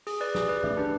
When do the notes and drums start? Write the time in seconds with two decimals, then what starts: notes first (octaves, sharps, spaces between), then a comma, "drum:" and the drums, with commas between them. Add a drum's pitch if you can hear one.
0.07 G#4, drum: open hi-hat
0.21 B4 D5
0.35 G#4, drum: snare
0.49 B4 D5
0.64 A3, drum: tom
0.77 D4 G4 B4